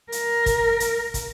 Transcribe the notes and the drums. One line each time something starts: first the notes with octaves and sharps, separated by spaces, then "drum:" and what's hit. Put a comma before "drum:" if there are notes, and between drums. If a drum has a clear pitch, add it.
A#4, drum: hi-hat
drum: kick, hi-hat
drum: hi-hat
drum: kick, hi-hat